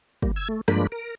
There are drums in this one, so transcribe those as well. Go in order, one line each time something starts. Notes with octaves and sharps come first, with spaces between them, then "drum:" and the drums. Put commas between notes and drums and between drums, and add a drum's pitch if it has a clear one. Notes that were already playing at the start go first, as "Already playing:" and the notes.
G3 A#3, drum: kick
E6 G#6
A3
G2 F3 G#3 A#3 D4 B5, drum: rim click
A#4